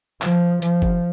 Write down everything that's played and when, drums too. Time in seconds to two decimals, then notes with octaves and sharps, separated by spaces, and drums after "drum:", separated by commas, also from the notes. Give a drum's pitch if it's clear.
0.22 F3, drum: clap
0.62 F3, drum: hi-hat
0.82 drum: kick F#1